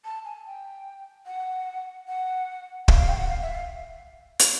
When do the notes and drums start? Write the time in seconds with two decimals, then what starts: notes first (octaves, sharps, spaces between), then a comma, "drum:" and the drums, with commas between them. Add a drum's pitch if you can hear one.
0.05 A5
0.25 G#5
0.46 G5
1.26 F#5
2.08 F#5
2.88 F5, drum: kick
2.99 F5
3.09 G5
3.18 F#5
3.29 F5
3.42 E5
3.55 F5
4.39 drum: hi-hat